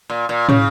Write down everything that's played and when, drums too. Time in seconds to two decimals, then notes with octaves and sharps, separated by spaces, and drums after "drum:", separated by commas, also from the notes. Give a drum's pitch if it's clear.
0.10 A#2
0.29 A#2
0.49 C#3 C#4, drum: tom